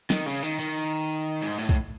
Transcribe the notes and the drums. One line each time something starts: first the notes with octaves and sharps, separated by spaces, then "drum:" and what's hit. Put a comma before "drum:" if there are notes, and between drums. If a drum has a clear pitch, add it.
D#3, drum: snare
C#3
D#3
D#3
G#2
A2
drum: kick